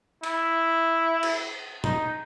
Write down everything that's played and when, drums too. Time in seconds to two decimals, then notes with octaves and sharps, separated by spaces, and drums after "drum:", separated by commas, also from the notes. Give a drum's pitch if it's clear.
0.23 E4, drum: cymbal
1.23 drum: cymbal
1.84 D#4, drum: tom A#2